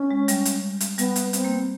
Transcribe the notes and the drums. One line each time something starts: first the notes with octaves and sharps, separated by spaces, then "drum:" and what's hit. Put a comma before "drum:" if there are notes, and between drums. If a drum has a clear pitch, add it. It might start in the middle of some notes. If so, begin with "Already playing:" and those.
Already playing: C#4
G#3
G3, drum: hi-hat
drum: hi-hat
drum: hi-hat
G3 B3, drum: hi-hat
drum: hi-hat
C4, drum: hi-hat
A#3